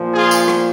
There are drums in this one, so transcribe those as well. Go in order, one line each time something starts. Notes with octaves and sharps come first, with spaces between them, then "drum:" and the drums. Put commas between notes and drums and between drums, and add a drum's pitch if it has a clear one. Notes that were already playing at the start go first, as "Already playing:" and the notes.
Already playing: A#2 F3
F4 G#4
drum: tambourine
drum: rim click